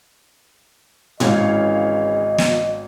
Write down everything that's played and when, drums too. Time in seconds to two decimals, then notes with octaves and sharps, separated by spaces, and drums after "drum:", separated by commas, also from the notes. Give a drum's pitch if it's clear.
1.20 G#1 C#3 E3 C#5 D#5 F5, drum: tom A2
2.38 drum: snare